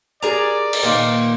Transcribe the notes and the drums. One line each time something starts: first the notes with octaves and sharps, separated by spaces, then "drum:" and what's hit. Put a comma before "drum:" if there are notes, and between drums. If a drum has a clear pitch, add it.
G#4 A#4 D5 A#5
drum: cymbal
A#2 D#3 A#3